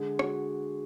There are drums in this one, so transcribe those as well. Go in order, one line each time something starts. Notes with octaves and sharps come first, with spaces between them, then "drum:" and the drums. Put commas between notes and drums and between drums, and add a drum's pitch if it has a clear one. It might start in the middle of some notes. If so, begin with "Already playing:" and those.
Already playing: D3 G#3
F#4, drum: rim click